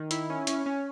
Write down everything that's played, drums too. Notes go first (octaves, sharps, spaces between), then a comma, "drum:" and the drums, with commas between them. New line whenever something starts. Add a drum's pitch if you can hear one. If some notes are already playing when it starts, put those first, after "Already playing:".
Already playing: D#3
E4, drum: hi-hat
C#4
C#4, drum: hi-hat
C#4